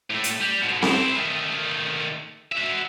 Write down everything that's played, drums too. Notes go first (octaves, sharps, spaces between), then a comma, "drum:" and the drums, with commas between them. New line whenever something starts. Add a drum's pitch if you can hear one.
A2 A3
drum: hi-hat
G3
G#2 B2
C4 E4, drum: snare C4
D#3 A3
F#4 E5